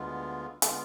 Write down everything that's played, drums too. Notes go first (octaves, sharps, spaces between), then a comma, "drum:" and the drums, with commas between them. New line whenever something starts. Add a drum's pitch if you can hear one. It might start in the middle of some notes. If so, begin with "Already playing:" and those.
Already playing: D2 D3 G#3 B3 F4
D3 G#3 B3 F4, drum: hi-hat